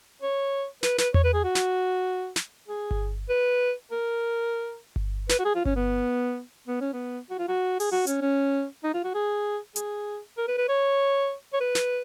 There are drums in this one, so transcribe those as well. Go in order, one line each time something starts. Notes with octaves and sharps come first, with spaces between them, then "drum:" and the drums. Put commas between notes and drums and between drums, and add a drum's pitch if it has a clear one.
C#5
B4, drum: snare
B4, drum: snare
C#5, drum: tom E2
B4
G#4
F#4
drum: snare
drum: snare
G#4
drum: kick G1
B4
A#4
drum: kick G1
B4, drum: snare
F#4
G#4
F4
C#4, drum: kick G1
B3
B3
C#4
B3
F#4
F4
F#4
G#4, drum: open hi-hat
F#4
C#4, drum: hi-hat
C#4
D#4
F4
F#4
G#4
G#4, drum: hi-hat
A#4
B4
B4
C#5
C#5
B4
drum: snare